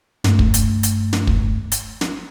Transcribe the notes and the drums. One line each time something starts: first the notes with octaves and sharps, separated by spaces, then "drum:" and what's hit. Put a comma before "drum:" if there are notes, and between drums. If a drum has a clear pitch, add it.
G2 A3, drum: snare
drum: kick
drum: hi-hat
drum: hi-hat
drum: snare
drum: kick
drum: hi-hat
drum: snare